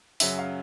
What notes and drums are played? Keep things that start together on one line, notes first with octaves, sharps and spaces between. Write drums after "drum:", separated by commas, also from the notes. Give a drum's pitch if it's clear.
F#2 C#3 F#3 E5, drum: open hi-hat
F5